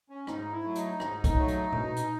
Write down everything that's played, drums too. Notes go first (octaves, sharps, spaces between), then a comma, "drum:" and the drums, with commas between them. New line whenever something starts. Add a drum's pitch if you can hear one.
C#4
G#2 D#4, drum: rim click
E4
F#3 A3
D#4, drum: hi-hat
G#2, drum: rim click
drum: kick, hi-hat
F#3 A3
drum: hi-hat
B2, drum: tom A#2
drum: hi-hat